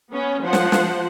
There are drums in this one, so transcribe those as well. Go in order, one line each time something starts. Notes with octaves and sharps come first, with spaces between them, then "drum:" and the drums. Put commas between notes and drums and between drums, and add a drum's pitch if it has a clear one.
B3 C#4
F3 C5 F#5
drum: snare
drum: snare